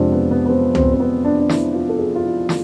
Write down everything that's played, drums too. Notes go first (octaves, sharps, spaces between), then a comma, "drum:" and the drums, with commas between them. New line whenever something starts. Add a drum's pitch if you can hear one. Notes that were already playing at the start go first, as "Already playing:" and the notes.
Already playing: F2 C3 G#3 C4 D4 F4
B3
B3
B3
C4
C4, drum: tom C#2
C4
B3
D4
D4
E4, drum: snare
F4
A4
G#4
F4
E4
drum: snare